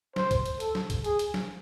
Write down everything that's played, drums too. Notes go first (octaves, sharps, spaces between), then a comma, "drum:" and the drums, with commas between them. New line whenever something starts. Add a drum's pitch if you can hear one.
C5, drum: snare
drum: kick C#2, hi-hat
drum: hi-hat
A4, drum: hi-hat
drum: snare
drum: kick C#2, hi-hat
G#4, drum: hi-hat
drum: hi-hat
drum: snare